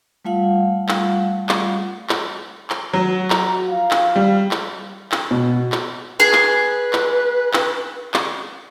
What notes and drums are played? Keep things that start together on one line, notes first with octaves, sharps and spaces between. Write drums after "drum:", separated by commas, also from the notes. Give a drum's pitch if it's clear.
G3 A3 F4 F5 F#5
drum: clap
drum: clap
drum: clap
drum: clap
F#3 F#4
A#5, drum: clap
F3 F4 F5
drum: clap
G3
drum: clap
drum: clap
B2
drum: clap
G#4 B4
drum: clap
drum: clap
drum: clap
drum: clap